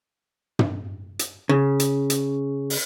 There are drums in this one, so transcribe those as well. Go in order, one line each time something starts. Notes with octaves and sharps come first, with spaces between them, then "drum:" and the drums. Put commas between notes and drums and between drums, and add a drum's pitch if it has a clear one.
drum: tom
drum: hi-hat
C#3
drum: hi-hat
drum: hi-hat
drum: open hi-hat